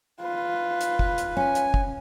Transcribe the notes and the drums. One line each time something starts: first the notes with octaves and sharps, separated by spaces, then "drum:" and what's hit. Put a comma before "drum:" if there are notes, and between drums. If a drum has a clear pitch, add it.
F4 B4
drum: hi-hat
drum: kick
drum: hi-hat
C#4 G#5
drum: hi-hat
drum: kick